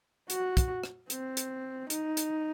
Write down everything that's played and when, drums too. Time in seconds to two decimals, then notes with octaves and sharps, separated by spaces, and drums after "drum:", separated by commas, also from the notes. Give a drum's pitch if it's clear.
0.30 F#4, drum: hi-hat
0.57 drum: kick, hi-hat
0.84 drum: rim click
1.10 C4, drum: hi-hat
1.37 drum: hi-hat
1.90 D#4, drum: hi-hat
2.17 drum: hi-hat